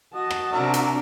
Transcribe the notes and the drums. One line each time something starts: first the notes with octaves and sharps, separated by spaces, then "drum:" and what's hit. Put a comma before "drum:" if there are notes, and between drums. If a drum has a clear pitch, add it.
F#4 D#5 A5
drum: rim click
C3 F#3 D4 A#4 E5
drum: hi-hat